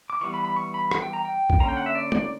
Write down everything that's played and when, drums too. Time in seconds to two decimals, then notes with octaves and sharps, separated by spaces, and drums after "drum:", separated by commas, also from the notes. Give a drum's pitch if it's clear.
0.10 D6
0.21 E3 G3 B3 C#6
0.34 B5
0.45 B5
0.56 C#6
0.74 B5
0.91 F#5, drum: rim click
1.02 G5
1.13 A#5
1.25 G5
1.50 drum: kick A#1
1.60 D3 A#3 C#4 A#5
1.69 G5
1.77 F#5
1.86 E5
1.95 D5
2.12 D5, drum: tom